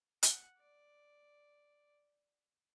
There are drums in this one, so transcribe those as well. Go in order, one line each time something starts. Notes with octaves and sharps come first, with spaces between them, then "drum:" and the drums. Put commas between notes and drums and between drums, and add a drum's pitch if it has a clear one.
F#5, drum: hi-hat
D5